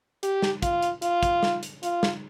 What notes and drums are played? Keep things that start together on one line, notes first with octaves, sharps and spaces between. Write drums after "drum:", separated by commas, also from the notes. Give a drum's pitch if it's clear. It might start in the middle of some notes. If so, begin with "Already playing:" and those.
G4, drum: hi-hat
drum: snare
F4, drum: kick, hi-hat
drum: hi-hat
F4, drum: hi-hat
drum: kick, hi-hat
drum: snare
drum: hi-hat
F4, drum: hi-hat
drum: snare